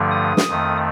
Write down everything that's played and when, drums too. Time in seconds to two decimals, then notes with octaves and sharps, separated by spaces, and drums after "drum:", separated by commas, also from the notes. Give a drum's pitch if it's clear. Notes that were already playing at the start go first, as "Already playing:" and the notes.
Already playing: G2 D3 F3 A3
0.11 D#6
0.37 drum: snare
0.48 F2 D#3 A3